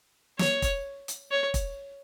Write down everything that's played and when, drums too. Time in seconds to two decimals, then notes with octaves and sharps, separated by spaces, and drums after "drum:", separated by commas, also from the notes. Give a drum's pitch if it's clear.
0.39 C#5, drum: snare
0.62 drum: kick, hi-hat
1.08 drum: hi-hat
1.31 C#5
1.54 drum: kick, hi-hat